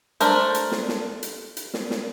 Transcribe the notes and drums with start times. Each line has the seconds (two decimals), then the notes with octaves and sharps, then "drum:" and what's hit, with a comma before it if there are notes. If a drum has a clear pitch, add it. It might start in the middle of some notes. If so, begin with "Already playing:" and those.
0.20 A3 D4 A#4 C5, drum: hi-hat
0.55 drum: hi-hat
0.72 drum: snare
0.89 drum: snare
1.23 drum: hi-hat
1.57 drum: hi-hat
1.74 drum: snare
1.91 drum: snare